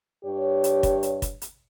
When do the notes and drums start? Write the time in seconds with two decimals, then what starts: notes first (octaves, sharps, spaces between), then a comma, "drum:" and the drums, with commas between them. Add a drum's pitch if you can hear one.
0.25 G2 G4 C#5
0.64 drum: hi-hat
0.83 drum: kick, hi-hat
1.03 drum: hi-hat
1.22 drum: kick, hi-hat
1.42 drum: hi-hat